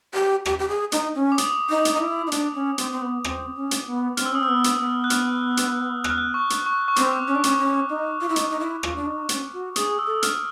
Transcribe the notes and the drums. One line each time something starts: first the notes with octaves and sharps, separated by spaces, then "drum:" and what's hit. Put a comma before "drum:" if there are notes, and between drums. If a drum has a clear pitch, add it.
G4
G4, drum: rim click
G4
G#4
D#4, drum: hi-hat
C#4
D6
D#6, drum: hi-hat
D#4
drum: hi-hat
D#4
E4
D#4
D4, drum: hi-hat
C#4
C4, drum: hi-hat
C4
B3
C4, drum: rim click
C#4
drum: hi-hat
B3
C4 F6, drum: hi-hat
E6
C#4 D#6
C4 E6
B3
drum: hi-hat
C4
B3
F#6
F6, drum: hi-hat
drum: hi-hat
F#6, drum: rim click
F6
F#6
C#6
drum: hi-hat
C#6
C#6
C4 D6, drum: hi-hat
C#4
D4
C#4, drum: hi-hat
C#4
D#4
F4
E4
D#4, drum: hi-hat
D#4
E4
F4, drum: rim click
D4
D#4
C#4, drum: hi-hat
F#4
G#4 D#6, drum: hi-hat
E6
A4
F6, drum: hi-hat